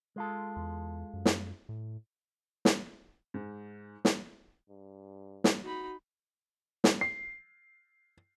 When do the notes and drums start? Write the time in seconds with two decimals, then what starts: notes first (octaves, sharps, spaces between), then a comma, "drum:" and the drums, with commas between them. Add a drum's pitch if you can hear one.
0.16 G#3 F4 A4
0.56 E2
1.14 F#2
1.25 drum: snare
1.69 A2
2.65 drum: snare
3.34 G#2
4.05 drum: snare
4.69 G2
5.44 drum: snare
5.64 D#4 F#4 B5
6.84 drum: snare
7.01 C7